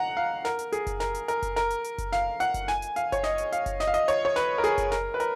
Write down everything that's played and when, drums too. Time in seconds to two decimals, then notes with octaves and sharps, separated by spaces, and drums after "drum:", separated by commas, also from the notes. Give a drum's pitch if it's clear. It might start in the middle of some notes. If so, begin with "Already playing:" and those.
Already playing: F#5 A#5
0.17 F5
0.45 A#4, drum: snare
0.59 drum: hi-hat
0.72 G#4, drum: hi-hat
0.87 drum: kick F#1, hi-hat
1.00 A#4, drum: snare
1.15 drum: hi-hat
1.28 A#4, drum: hi-hat
1.42 drum: kick F#1, hi-hat
1.56 A#4, drum: snare
1.70 drum: hi-hat
1.84 drum: hi-hat
1.98 drum: kick F#1, hi-hat
2.12 F5, drum: snare
2.40 F#5, drum: hi-hat
2.54 drum: kick F#1, hi-hat
2.68 G#5, drum: snare
2.82 drum: hi-hat
2.96 F5, drum: hi-hat
3.12 C#5, drum: kick F#1, hi-hat
3.24 D#5, drum: snare
3.38 drum: hi-hat
3.52 F5, drum: hi-hat
3.66 drum: kick F#1, hi-hat
3.80 D#5, drum: snare
3.87 F5
3.94 D#5, drum: hi-hat
4.08 C#5, drum: hi-hat
4.25 C#5
4.36 B4, drum: snare
4.58 A#4
4.64 G#4, drum: hi-hat
4.78 drum: kick F#1, hi-hat
4.92 A#4, drum: snare
5.14 B4
5.20 A#4, drum: hi-hat